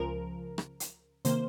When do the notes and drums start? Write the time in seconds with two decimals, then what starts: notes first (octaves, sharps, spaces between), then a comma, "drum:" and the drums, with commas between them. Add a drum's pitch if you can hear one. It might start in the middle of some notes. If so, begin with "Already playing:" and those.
Already playing: C#2 C#3 F3 A#4
0.58 drum: rim click
0.80 drum: hi-hat
1.25 C3 D#3 A#3 C5, drum: hi-hat